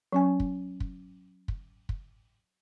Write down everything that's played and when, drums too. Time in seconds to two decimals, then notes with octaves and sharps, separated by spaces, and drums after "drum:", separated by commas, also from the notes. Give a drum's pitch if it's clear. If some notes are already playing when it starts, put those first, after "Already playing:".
0.13 F#3 C#4 G#5
0.40 drum: kick
0.80 drum: kick
1.48 drum: kick
1.89 drum: kick